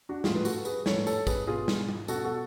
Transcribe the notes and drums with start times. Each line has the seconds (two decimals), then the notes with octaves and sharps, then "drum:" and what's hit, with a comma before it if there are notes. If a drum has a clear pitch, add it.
0.09 D4 F#4
0.24 A2 F3 F4 G#4, drum: snare
0.35 B4
0.45 F#4 A4, drum: tambourine
0.65 G#4 B4, drum: tambourine
0.86 A2 F3 A4 C#5, drum: snare
1.07 A4 C#5, drum: tambourine
1.27 G#4 B4, drum: kick, tambourine
1.47 B2 F4 G#4
1.68 drum: snare
1.88 drum: tom G3
2.08 B2 F#4 A4, drum: tambourine
2.24 F#4 A4